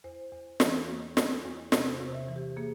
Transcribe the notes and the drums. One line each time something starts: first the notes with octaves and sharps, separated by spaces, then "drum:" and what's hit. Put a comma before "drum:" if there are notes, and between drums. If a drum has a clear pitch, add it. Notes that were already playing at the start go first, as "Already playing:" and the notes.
E2 C5
E2
E3, drum: snare
A#3
E2, drum: snare
E2
C3 A#4, drum: snare
C5
C3
E5
E3
G4
A#3 G#4